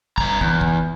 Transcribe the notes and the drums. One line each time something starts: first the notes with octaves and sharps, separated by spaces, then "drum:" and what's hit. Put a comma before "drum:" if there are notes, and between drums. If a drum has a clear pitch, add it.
G2 A#5, drum: kick
E2, drum: kick
drum: kick